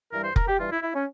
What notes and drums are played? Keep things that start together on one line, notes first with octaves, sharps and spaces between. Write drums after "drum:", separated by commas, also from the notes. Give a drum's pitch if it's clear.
G2 E3 G3 A#4
C5
A#4, drum: kick F1
G4
G2 E3 G3 F4
E4
E4
C#4